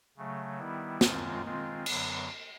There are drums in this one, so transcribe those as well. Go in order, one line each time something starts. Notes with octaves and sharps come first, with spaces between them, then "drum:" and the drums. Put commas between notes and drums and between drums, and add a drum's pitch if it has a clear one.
C#3 F#3 A3
D#3 G3 B3 E4
F#2 D#3 G#3 C4 F4, drum: snare
D#3 G#3 C4 F4
F#2 D3 F#3 B3, drum: cymbal